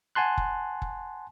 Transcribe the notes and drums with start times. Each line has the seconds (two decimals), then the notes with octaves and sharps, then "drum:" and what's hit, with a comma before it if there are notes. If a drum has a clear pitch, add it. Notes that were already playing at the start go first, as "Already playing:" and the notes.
0.15 F#5 G#5 A5 C6 F#6
0.38 drum: kick F#1
0.82 drum: kick F#1